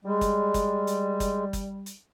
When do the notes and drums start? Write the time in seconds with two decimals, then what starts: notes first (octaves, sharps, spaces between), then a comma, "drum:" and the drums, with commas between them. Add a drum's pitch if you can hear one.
0.05 G3 G#3
0.21 drum: kick, hi-hat
0.54 drum: kick, hi-hat
0.87 drum: hi-hat
1.20 drum: kick, hi-hat
1.53 drum: kick, hi-hat
1.86 drum: hi-hat